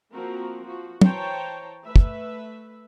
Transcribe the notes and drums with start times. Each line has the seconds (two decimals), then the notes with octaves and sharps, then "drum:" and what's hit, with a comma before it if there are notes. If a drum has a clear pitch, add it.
0.13 F3 A#3 C4 F#4 A#4
0.65 F3 F#4
1.01 E3 C5 C#5 G5 A5 A#5, drum: tom
1.86 A3 B4 E5
1.96 drum: kick